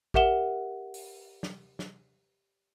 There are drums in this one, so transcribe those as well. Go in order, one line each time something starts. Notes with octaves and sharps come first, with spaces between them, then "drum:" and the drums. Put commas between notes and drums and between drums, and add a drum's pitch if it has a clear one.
G4 A#4 E5 F#5 E7 G7, drum: kick A1
drum: open hi-hat
drum: snare
drum: snare